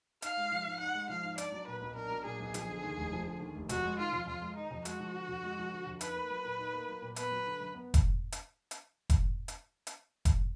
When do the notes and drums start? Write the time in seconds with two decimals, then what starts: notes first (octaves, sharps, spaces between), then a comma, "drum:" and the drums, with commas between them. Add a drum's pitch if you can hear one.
0.22 D#4 F5, drum: hi-hat
0.37 G#3
0.51 F3
0.65 G#2
0.80 D#4 F#5
0.94 G#3
1.09 F3 F5
1.23 G#2
1.38 D4 D5, drum: hi-hat
1.52 F#3
1.67 A#2 B4
1.81 B1
1.96 D4 A#4
2.10 F#3
2.25 A#2 G#4
2.40 B1
2.54 F3, drum: hi-hat
2.69 D3
2.83 D#2
2.98 F1
3.12 F3
3.26 D3
3.40 D#2
3.55 F1
3.69 F2 F#4, drum: hi-hat
3.84 G#3
3.98 D#3 F4
4.12 F2
4.27 F2 F4
4.42 G#3
4.56 D#3 D#4
4.71 F2
4.85 G#3 F#4, drum: hi-hat
5.00 F3
5.14 D3
5.28 F2
5.43 G#3
5.58 F3
5.72 D3
5.86 F2
6.01 D#4 B4, drum: hi-hat
6.16 A#3
6.30 F#3
6.45 A#2
6.59 D#4
6.74 A#3
6.88 F#3
7.02 A#2
7.16 B3 B4, drum: hi-hat
7.31 F#3
7.46 D3
7.60 F#2
7.75 B3
7.94 drum: kick F1, hi-hat
8.32 drum: hi-hat
8.71 drum: hi-hat
9.10 drum: kick F1, hi-hat
9.48 drum: hi-hat
9.87 drum: hi-hat
10.25 drum: kick F1, hi-hat